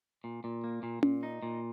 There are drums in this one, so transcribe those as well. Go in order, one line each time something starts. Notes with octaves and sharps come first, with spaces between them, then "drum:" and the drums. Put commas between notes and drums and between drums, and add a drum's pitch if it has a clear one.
A#2
A#2
A#3
A#2
A#2, drum: tom C#4
D#4
A#2